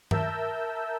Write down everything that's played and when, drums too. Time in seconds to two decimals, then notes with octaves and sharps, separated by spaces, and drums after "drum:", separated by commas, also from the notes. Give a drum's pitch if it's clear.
0.11 A#4 E5 A5 A#5 E6 G6, drum: tom G2